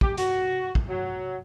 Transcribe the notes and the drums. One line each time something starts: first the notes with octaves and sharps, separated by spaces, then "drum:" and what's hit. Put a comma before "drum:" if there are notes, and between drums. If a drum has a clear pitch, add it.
G4, drum: kick
F#4, drum: hi-hat
drum: kick
F#3